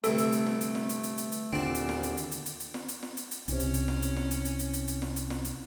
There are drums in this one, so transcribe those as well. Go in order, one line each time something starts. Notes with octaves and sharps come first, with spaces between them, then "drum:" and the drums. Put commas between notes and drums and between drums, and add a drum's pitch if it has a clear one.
D2 G2 C3 A3 A4, drum: hi-hat
drum: hi-hat
drum: hi-hat
drum: snare
drum: hi-hat
drum: snare
drum: hi-hat
drum: hi-hat
drum: hi-hat
drum: hi-hat
D#2 A#2 D3 C4 D4 A5
drum: hi-hat
drum: snare
drum: hi-hat
drum: hi-hat
drum: hi-hat
drum: hi-hat
drum: hi-hat
drum: snare
drum: hi-hat
drum: snare
drum: hi-hat
drum: hi-hat
C2 C3 C#4, drum: hi-hat
drum: hi-hat
drum: hi-hat
drum: snare
drum: hi-hat
drum: snare
drum: hi-hat
drum: hi-hat
drum: hi-hat
drum: hi-hat
drum: hi-hat
drum: snare
drum: hi-hat
drum: snare
drum: hi-hat